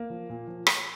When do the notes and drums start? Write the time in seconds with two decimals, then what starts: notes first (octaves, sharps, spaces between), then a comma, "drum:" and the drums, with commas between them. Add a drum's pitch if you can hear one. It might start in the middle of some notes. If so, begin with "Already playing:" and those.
Already playing: A#3
0.10 F3
0.29 A#2
0.47 F3
0.67 drum: rim click